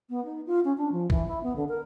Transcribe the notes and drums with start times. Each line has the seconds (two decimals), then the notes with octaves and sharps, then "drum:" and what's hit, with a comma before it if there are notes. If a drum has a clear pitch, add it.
0.10 B3
0.25 D#4
0.46 F4
0.65 C#4
0.78 D4
0.92 F3
1.10 E3, drum: kick
1.28 E4
1.43 B3
1.56 D3
1.69 A#4